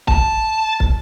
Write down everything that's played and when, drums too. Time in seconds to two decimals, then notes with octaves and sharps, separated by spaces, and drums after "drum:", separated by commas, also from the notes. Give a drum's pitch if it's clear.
0.08 A5, drum: kick
0.80 drum: kick